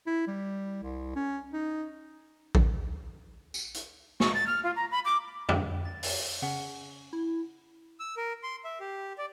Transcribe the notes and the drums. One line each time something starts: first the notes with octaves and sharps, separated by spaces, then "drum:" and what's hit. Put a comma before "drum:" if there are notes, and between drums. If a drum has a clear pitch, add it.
E4
G3
C2
C#4
D#4
drum: kick A1
drum: tambourine
drum: hi-hat
C#6, drum: snare
A6
F6
F4
A#5
B5
D6
drum: tom F2
A6
drum: open hi-hat
C#3 C#4 F#5
E4
E6
A#4
C6
E5
G4
D5